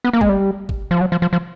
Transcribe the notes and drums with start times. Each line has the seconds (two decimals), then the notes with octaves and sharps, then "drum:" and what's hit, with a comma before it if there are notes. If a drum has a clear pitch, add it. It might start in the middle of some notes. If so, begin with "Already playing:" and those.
0.04 B3
0.13 A#3
0.21 G#3, drum: kick G#1
0.29 G3
0.69 drum: kick G#1
0.91 F3
1.01 F#3
1.12 F3
1.22 F3
1.33 F3